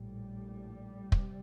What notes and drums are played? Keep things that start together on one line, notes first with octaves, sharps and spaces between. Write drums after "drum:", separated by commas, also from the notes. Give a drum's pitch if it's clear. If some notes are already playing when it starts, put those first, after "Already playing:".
Already playing: A#1 A2 G3
C3, drum: kick